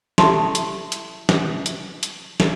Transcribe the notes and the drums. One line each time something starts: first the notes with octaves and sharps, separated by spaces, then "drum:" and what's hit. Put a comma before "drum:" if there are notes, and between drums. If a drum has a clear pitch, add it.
E4 G4 A4 E5 A5 C6, drum: snare
drum: hi-hat
drum: hi-hat
drum: snare
drum: hi-hat
drum: hi-hat
drum: snare